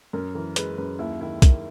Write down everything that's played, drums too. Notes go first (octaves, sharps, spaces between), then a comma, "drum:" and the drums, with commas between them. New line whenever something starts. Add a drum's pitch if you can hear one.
F#2 A#4
E3 A#4
G#3 B4, drum: hi-hat
F#2 B4
D#2 E4
D#3 E4
A#3, drum: kick B1, hi-hat